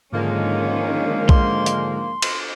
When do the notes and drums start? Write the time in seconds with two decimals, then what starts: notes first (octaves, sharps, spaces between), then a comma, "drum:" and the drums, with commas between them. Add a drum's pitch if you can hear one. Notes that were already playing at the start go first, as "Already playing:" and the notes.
0.13 G#2 D3 D#3 F3 G#3 A#3 C#4
1.29 C6, drum: kick
1.66 drum: hi-hat
2.22 drum: cymbal